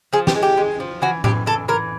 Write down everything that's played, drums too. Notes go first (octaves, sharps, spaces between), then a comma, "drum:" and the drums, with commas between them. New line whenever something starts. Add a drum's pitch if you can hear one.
F3 G#4
G4, drum: snare
G#3
G4
G#3
F3
E3 F#4
E3 G4, drum: tom A2
E3 A4
E3 A#4